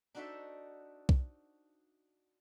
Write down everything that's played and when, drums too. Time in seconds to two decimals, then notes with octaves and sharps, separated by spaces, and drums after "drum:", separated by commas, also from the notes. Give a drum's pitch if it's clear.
0.15 D4 D#4 F#4 A4 C5 E5
1.09 drum: kick B1